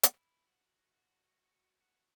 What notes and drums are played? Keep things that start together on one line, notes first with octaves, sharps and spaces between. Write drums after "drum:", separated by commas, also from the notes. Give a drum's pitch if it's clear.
E4, drum: hi-hat
F#4
F#4
F#4